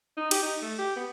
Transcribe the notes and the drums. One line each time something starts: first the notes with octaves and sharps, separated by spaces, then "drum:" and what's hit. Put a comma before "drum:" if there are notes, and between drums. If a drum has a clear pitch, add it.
D#4
G4, drum: cymbal
D#4
A3
G4
B3